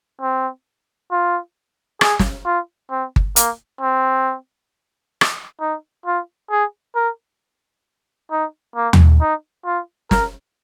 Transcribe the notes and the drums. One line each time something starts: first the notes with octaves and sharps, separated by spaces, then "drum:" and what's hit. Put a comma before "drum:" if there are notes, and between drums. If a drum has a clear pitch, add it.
C4
F4
G#4, drum: rim click
drum: snare
F4
C4
drum: kick G1
A#3, drum: hi-hat
C4
drum: rim click
D#4
F4
G#4
A#4
D#4
A#3
drum: tom
D#4
F4
A#4, drum: snare